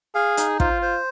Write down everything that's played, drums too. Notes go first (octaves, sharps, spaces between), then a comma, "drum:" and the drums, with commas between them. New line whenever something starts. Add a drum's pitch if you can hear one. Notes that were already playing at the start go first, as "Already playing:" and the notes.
G#4 F5
D#4, drum: hi-hat
F4 C5, drum: kick
C5